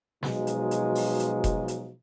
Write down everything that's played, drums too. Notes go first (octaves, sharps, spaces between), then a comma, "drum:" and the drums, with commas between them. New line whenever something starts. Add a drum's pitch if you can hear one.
B2 F3 F#3 G#3 D#4, drum: snare
drum: hi-hat
drum: hi-hat
drum: open hi-hat
drum: hi-hat
drum: kick F1, hi-hat
drum: hi-hat